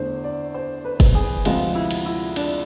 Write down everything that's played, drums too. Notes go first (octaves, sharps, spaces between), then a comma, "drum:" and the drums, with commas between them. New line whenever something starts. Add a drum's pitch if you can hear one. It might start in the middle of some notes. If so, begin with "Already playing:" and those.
Already playing: E2 D3 A3 C5
D5
C5
B4
drum: kick F#1, cymbal
G#4
D2 C3 F3 G#3 C4 F4, drum: cymbal
E4
drum: cymbal
E4
D4, drum: cymbal